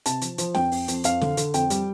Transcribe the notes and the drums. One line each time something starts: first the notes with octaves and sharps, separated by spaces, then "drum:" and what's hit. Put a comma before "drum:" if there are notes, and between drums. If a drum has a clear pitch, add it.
C3 A5, drum: hi-hat
F3, drum: hi-hat
F3, drum: hi-hat
F2 G5, drum: snare
F2, drum: open hi-hat
F2, drum: hi-hat
F2 F5, drum: hi-hat
D3, drum: snare
D3, drum: hi-hat
F2 G5, drum: hi-hat
G3, drum: hi-hat